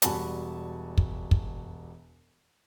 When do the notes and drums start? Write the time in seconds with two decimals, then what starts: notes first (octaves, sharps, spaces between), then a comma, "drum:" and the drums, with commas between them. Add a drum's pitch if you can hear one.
0.02 E1 G3 F#4 G#5 A5 B5, drum: hi-hat
0.98 drum: kick
1.31 drum: kick